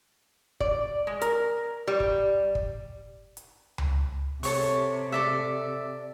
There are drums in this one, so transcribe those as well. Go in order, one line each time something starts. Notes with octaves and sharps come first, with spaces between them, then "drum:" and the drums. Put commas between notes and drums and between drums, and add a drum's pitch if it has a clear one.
D5, drum: kick
G#3
A#4, drum: hi-hat
G3
drum: kick
drum: kick
drum: hi-hat
drum: tom C#2
C3 A4 C#5 C#6, drum: open hi-hat
A4 D5 E5